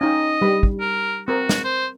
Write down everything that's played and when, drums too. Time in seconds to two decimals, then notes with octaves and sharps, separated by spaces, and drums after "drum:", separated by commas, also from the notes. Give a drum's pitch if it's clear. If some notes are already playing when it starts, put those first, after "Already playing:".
0.01 C#4 D#4 D#5 G5
0.41 G3 B5
0.63 drum: kick
0.80 A#4
1.28 C4 F#4 A#4
1.49 drum: snare
1.64 C5